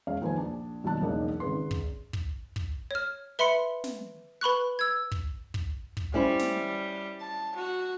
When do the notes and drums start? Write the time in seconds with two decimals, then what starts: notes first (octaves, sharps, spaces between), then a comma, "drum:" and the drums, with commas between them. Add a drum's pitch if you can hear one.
0.07 E1 G#3 C#4 F5
0.22 D#2 F3 B4 C5 G#5
0.38 A#1 D4
0.84 D#2 B2 F#3 D5 A5 F#6
1.01 E1 B1 C#3 A#3 D4 D#4
1.40 G#1 C#3 B4 C6
1.71 drum: kick
2.13 drum: kick
2.56 drum: kick
2.91 C#5 F6
3.39 B4 E5 B5 C6 C#7
3.84 drum: snare
4.41 B4 B5 C#6 F#6
4.79 E6 G#6
5.12 drum: kick
5.54 drum: kick
5.97 drum: kick
6.14 G3 C#4 E4 C5
6.39 drum: snare
7.20 A5
7.56 F#4